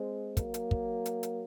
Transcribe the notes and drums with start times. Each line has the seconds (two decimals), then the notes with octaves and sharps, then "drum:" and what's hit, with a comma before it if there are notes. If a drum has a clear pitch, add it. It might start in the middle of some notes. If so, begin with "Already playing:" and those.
Already playing: G#3 C4
0.37 F#3 A#3, drum: kick, hi-hat
0.54 drum: hi-hat
0.71 drum: kick
1.06 drum: hi-hat
1.23 drum: hi-hat